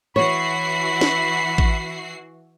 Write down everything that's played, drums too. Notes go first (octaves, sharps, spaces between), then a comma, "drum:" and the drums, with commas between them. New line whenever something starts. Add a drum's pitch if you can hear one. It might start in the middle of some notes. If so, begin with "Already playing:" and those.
E3 F#4 C#5 B5 C7
drum: snare
drum: kick A1